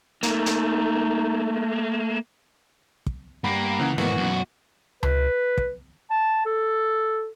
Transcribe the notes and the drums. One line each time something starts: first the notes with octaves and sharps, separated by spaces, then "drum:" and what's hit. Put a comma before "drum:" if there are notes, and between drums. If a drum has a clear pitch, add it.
A3 A#3 D#4, drum: hi-hat
drum: hi-hat
drum: kick
G2 G3 A#3 F#5 B5
C#2 C#3 E3 F#5
D#2 G#2 E3 A#3 B3 F#4, drum: snare
F#2 B2
B4, drum: tom C#2
drum: kick
A5
A4